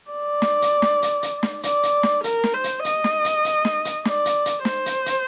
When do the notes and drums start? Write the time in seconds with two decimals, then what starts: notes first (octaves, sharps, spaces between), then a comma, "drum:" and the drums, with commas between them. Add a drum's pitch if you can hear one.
0.11 D5
0.42 drum: snare
0.62 drum: hi-hat
0.82 drum: snare
1.02 drum: hi-hat
1.23 drum: hi-hat
1.43 drum: snare
1.63 D5, drum: hi-hat
1.83 drum: hi-hat
2.03 drum: snare
2.24 A#4, drum: hi-hat
2.44 drum: snare
2.54 C5
2.64 drum: hi-hat
2.85 D#5, drum: hi-hat
3.04 drum: snare
3.24 drum: hi-hat
3.45 drum: hi-hat
3.65 drum: snare
3.85 drum: hi-hat
4.05 D5, drum: snare
4.25 drum: hi-hat
4.45 drum: hi-hat
4.65 C5, drum: snare
4.86 drum: hi-hat
5.06 drum: hi-hat